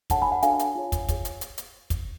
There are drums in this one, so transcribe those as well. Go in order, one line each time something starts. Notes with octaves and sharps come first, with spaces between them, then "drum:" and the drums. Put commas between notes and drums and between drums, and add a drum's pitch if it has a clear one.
D4 F#4 A4 C#5 F#5 A5, drum: kick, hi-hat
G#5 B5
F#5 A5
D4 F#4 A4 C#5 F5 G#5, drum: hi-hat
drum: hi-hat
F4 G#4 C#5
drum: kick, hi-hat
F4 G#4 C#5, drum: kick, hi-hat
drum: hi-hat
drum: hi-hat
drum: hi-hat
drum: kick, hi-hat